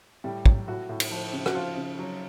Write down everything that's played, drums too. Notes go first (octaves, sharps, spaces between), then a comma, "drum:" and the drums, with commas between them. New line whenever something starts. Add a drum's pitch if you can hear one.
A2 G3 G4
F#3, drum: kick
A2 F#4
A2
drum: cymbal
F3
C#3
F#4, drum: rim click
F3 F4
C#3
F#3